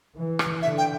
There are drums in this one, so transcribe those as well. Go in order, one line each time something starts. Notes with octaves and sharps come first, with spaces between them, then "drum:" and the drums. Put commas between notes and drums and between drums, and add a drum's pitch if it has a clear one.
E3
drum: rim click
D3 E5
G5